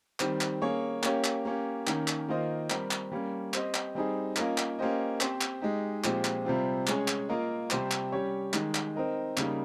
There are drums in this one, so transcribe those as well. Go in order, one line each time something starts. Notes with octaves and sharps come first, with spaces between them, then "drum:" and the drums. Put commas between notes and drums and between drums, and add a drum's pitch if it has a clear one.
D#3 G3 C4, drum: clap
drum: clap
A#3 C#4 G#4 C#5
A#3 C#4 G4 C#5, drum: clap
drum: clap
A#3 C#4 G4
D#3 A#3 C#4, drum: clap
drum: clap
D#3 A#3 F4 C5 D#5
G3 C4 G4 A#4, drum: clap
drum: clap
G3 A#3 C#4
C4 G4 C5 D#5, drum: clap
drum: clap
G3 C4 D#4 G#4
A#3 C#4 F4 A#4 D#5, drum: clap
drum: clap
A#3 C#4 G4 C5 D#5
C4 G4 C5, drum: clap
drum: clap
G#3 D#4 G4
A#2 F3 G#3 C4 G4, drum: clap
drum: clap
C3 G3 C4 F4
G#3 C#4 G#4 C#5, drum: clap
drum: clap
A#3 F4 A#4 D#5
C3 G3 C4 G4 C5, drum: clap
drum: clap
G3 C#4 G4 C#5
D#3 G#3 D#4, drum: clap
drum: clap
C4 D#4 A#4 D#5
C#3 G3 A#3 D#4, drum: clap